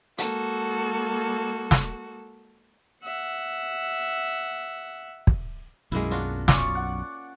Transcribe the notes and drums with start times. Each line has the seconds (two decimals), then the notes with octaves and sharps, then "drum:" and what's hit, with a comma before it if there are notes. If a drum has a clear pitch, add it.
0.18 G#3 A#3 F#4 A4, drum: hi-hat
1.71 drum: snare
3.03 E5 F#5
5.27 drum: kick
5.92 B1 F#2 G#3 A#3 E4
6.11 D4 F4 F#4
6.48 C#4 F4 D5 C#6, drum: snare
6.75 F#5